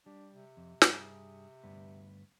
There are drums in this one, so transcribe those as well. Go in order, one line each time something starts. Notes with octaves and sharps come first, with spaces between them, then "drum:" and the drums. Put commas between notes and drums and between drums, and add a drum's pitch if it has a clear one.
G3 D4
C3
F2
G2 G#4, drum: snare
D2 G2 B3